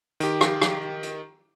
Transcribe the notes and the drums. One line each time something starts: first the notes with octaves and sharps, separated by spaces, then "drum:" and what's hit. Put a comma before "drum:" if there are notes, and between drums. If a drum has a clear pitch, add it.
D#3 G4, drum: hi-hat
drum: rim click
drum: rim click
drum: hi-hat